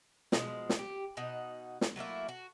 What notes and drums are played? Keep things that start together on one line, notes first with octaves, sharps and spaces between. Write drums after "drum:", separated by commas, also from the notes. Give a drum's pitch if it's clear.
B2 F3 G#3, drum: snare
drum: snare
G4
B2 D#4 F#5
drum: snare
F#3 A3 A#3 E4
F#4